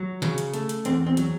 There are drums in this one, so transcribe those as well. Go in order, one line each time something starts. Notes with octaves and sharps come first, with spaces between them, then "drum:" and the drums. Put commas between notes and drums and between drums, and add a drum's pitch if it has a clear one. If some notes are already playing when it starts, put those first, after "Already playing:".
Already playing: F#3
C#3, drum: snare
drum: hi-hat
A3, drum: hi-hat
drum: hi-hat
E2 C4, drum: hi-hat
C4
F#3, drum: hi-hat